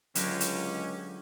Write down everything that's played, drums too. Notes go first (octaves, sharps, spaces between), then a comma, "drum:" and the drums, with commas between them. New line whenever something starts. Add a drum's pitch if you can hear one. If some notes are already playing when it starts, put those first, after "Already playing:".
C#2 D3 F#3 G#3 C#4 G4 A#4, drum: hi-hat
drum: hi-hat